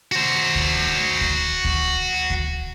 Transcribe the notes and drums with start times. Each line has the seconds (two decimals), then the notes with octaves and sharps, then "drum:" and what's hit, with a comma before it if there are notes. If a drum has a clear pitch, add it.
0.12 F#4 C5
0.55 drum: kick D2
1.21 drum: kick D2
1.65 drum: kick D2
2.30 drum: kick D2